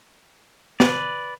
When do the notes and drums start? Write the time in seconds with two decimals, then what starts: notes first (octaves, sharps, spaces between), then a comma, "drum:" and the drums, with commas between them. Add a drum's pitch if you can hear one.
0.80 B4 D5, drum: snare